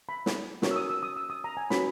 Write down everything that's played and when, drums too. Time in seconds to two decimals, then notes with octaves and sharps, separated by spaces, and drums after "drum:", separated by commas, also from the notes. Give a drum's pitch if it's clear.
0.09 B5
0.26 drum: snare
0.62 C#4 F#4 A#4 C#5 C#6, drum: snare
0.71 E6
0.76 D#6
0.90 E6
1.03 D#6
1.16 E6
1.30 D#6
1.44 A#5
1.57 G#5
1.70 C#4 F#4 B4 B5, drum: snare